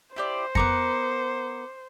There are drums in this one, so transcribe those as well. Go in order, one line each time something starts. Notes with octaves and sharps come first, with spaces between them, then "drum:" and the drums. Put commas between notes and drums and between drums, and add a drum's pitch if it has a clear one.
E4 G4 C5 D5
B3 A#4 A#5 D6 C#7, drum: kick F2